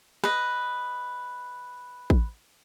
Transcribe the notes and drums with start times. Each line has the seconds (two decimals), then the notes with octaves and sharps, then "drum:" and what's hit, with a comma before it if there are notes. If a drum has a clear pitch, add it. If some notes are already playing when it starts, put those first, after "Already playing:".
0.24 B4 D#5, drum: rim click
2.10 drum: kick A1